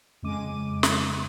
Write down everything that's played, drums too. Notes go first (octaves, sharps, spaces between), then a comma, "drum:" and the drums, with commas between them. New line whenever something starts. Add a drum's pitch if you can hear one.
F2 C#3 G#3 D6 D#7
drum: snare